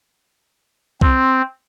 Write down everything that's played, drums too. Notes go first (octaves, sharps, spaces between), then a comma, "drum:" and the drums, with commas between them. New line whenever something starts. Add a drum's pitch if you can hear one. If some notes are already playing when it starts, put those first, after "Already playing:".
C4, drum: kick C2